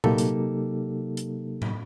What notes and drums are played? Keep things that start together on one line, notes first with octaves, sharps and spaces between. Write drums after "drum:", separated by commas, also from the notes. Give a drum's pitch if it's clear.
C3 F#3 A#3 D#4 G4 A4, drum: tom A#2
drum: hi-hat
drum: hi-hat
drum: tom A2